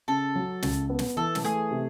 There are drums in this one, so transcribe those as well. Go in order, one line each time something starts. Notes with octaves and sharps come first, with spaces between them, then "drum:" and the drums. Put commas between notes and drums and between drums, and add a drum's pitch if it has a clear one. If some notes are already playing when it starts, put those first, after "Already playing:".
C#3 A4
F#3
C#2, drum: snare
B3
drum: snare
E3 A4
drum: snare
A3 G#4
C3